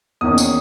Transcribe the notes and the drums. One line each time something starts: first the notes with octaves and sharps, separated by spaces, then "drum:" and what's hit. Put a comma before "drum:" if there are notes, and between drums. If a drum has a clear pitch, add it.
E2 D#3 A#3 C#4 D#6
drum: tambourine